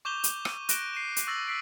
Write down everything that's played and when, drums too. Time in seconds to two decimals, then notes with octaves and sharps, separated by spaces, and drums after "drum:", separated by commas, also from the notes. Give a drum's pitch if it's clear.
0.05 C#6 D6 G6 E7 F7 G7
0.24 drum: hi-hat
0.45 D#7, drum: rim click
0.69 F#6 A#6 D7 E7 G7, drum: hi-hat
0.93 C7 D#7 E7
1.16 drum: hi-hat
1.27 C#6 E6 A6 A#6 F#7
1.47 E6 B6 C7 D7